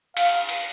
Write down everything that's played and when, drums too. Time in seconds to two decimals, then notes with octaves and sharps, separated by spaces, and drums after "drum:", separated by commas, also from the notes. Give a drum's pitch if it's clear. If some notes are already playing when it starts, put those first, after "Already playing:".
0.17 F5, drum: cymbal
0.49 drum: cymbal